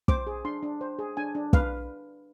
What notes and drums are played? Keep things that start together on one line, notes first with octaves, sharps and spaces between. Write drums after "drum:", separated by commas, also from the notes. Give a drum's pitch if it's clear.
C5 D6, drum: kick
G#4
D4 C6
D4
C5
G#4
D4 G#5
D4
B4 F5, drum: kick